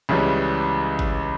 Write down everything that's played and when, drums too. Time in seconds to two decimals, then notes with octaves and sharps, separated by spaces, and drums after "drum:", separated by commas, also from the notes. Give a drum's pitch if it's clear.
0.09 C#2 C#3 E3 G3
0.99 drum: kick G#1